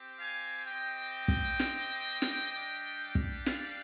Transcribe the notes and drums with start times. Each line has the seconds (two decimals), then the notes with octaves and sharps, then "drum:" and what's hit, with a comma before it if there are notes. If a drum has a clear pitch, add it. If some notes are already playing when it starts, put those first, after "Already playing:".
Already playing: C4 G4
0.19 F5 G#5
0.66 C4 G4 D#5 G5
1.28 drum: kick
1.59 drum: snare
2.22 drum: snare
2.53 G3 D4 G4
3.15 drum: kick
3.46 D5 F5, drum: snare